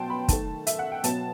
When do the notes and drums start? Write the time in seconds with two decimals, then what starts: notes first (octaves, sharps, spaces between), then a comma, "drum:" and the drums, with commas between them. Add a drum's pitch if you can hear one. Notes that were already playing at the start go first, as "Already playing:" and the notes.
Already playing: B2 F#3 B3 G5 A5 C6
0.10 B5
0.28 D#3 A3 A5, drum: kick, hi-hat
0.67 E5, drum: hi-hat
0.79 F#5
0.92 G5
1.04 B2 F#3 B3 A5, drum: hi-hat